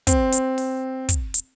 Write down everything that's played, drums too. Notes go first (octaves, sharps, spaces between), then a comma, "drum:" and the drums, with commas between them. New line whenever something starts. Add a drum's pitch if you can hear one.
C4, drum: kick, hi-hat
drum: hi-hat
drum: open hi-hat
drum: kick, hi-hat
drum: hi-hat